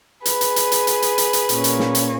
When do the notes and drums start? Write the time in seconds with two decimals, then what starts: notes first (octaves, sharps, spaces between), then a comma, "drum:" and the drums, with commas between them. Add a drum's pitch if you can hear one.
0.25 G#4 B4, drum: hi-hat
0.41 drum: hi-hat
0.56 drum: hi-hat
0.72 drum: hi-hat
0.87 drum: hi-hat
1.02 drum: hi-hat
1.18 drum: hi-hat
1.33 drum: hi-hat
1.49 A#2 A#3 C#4, drum: hi-hat
1.64 drum: hi-hat
1.79 drum: snare
1.95 drum: hi-hat